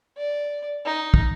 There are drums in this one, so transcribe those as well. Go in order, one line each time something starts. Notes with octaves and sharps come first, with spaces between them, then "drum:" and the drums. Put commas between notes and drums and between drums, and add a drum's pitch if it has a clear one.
D5
D#4
drum: kick